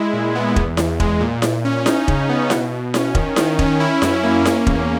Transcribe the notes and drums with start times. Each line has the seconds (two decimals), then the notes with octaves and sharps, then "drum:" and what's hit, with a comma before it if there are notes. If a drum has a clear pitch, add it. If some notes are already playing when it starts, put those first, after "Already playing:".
Already playing: G#3 E4
0.13 A#2
0.35 B3
0.56 E2, drum: kick E1
0.77 E2, drum: snare E4
1.00 G#3, drum: kick E1
1.20 A#2
1.42 A#2, drum: snare E4
1.65 C#4
1.86 D#4, drum: snare E4
2.08 C#3, drum: kick E1
2.29 B3
2.50 B2, drum: snare E4
2.72 B2
2.94 C#4, drum: snare E4
3.15 D#3, drum: kick E1
3.36 D#3, drum: snare E4
3.59 C#4, drum: kick E1
3.80 E4
4.02 F#2, drum: snare E4
4.23 A#3
4.45 C#4, drum: snare E4
4.67 E2, drum: kick E1